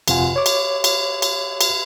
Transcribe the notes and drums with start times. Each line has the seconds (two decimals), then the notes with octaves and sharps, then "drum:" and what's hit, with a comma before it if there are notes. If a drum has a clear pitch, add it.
0.08 G1 F2 C3 F4 F#5 G#5, drum: cymbal
0.36 C#5 D6
0.46 drum: cymbal
0.84 drum: cymbal
1.22 drum: cymbal
1.61 drum: cymbal